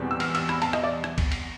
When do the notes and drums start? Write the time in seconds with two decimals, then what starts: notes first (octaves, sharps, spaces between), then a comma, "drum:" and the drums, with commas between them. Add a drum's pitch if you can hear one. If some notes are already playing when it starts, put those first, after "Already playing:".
Already playing: E2 B2 G3 C4
0.11 E6
0.20 F6, drum: cymbal
0.35 E6, drum: cymbal
0.49 B5, drum: rim click
0.62 A5, drum: cymbal
0.73 D#5, drum: rim click
0.83 D5
1.04 drum: rim click
1.18 drum: kick C#2, cymbal
1.32 drum: cymbal